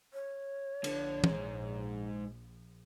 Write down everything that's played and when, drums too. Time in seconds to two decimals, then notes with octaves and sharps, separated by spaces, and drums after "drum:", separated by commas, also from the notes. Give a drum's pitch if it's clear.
0.13 C#5
0.84 A#1 D3, drum: cymbal
1.24 G#2 G#3, drum: tom